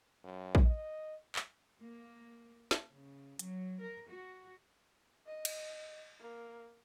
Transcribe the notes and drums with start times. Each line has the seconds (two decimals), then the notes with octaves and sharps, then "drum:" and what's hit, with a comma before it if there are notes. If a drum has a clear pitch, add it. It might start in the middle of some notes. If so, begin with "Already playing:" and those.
0.24 F#2
0.55 drum: kick
0.66 D#5
1.36 drum: clap
1.80 A#3
2.71 drum: snare
2.87 C#3
3.39 F#3, drum: hi-hat
3.80 A#4
4.09 F#4
5.27 D#5
5.45 drum: cymbal
6.20 A#3